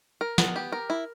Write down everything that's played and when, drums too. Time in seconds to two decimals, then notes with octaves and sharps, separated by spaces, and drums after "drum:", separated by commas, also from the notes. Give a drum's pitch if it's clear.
0.21 A#4
0.38 B3, drum: snare
0.56 G4
0.72 A#4
0.90 E4